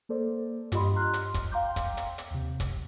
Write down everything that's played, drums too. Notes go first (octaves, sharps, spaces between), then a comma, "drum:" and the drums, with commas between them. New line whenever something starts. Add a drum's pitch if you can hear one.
A#3 A4 C5 D5
G2 F4 G4 D#5 B5 C6, drum: hi-hat
A#5 C6 F6 F#6
drum: hi-hat
drum: kick, hi-hat
F5 G5 A#5 C6 D6 G6
drum: kick, hi-hat
drum: hi-hat
drum: hi-hat
D#2 C3
drum: kick, hi-hat